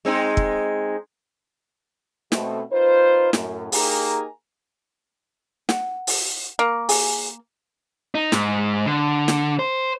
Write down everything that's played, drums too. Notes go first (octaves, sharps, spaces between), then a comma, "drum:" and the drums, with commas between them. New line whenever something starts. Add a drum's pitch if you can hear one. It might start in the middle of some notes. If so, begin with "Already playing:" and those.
G#3 C4 D#4
drum: kick
B2 A3 C4, drum: snare
D#4 F4 B4 C5
F#2 A2, drum: snare
A#3 D#4 G4 G#4 G#5 A#5, drum: open hi-hat
F#5, drum: snare
drum: open hi-hat
A#3
G#4 G#5, drum: open hi-hat
D#4
G#2, drum: snare
D3
drum: snare
C5